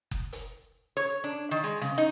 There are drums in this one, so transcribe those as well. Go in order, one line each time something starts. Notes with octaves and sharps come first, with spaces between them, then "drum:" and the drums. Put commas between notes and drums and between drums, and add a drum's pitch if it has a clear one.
drum: kick F#1
drum: hi-hat
C#5
D4
D#3
G#3
C#3, drum: snare
D#4